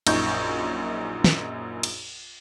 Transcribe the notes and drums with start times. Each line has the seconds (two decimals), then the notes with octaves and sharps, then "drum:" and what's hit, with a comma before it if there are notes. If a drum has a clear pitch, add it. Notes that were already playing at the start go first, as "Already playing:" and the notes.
0.07 A#1 F#2 D#4 C#6 G6, drum: cymbal
1.24 drum: snare
1.83 drum: cymbal